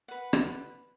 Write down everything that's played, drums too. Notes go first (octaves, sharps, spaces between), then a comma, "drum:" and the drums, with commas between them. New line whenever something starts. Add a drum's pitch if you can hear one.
B4 F#5
drum: rim click